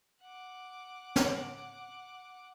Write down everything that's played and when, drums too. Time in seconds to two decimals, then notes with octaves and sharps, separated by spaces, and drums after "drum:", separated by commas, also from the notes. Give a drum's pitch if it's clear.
0.21 F#5 D6
1.16 drum: snare